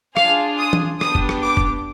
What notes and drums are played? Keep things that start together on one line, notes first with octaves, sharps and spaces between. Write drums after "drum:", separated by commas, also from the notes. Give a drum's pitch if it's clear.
D4 F4 G#4 F5, drum: rim click
D#6
drum: tom E3
B3 D4 G4 D#6, drum: rim click
drum: kick
drum: rim click
D6
drum: kick